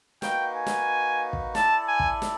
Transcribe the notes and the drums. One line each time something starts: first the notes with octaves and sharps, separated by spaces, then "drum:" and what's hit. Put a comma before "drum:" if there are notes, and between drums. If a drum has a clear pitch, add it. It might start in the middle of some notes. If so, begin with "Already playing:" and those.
A#3 D#4 F#4 B4 G5, drum: snare
G#5
drum: snare
drum: kick
E4 A4 D5 A5, drum: snare
G#5
drum: kick
drum: snare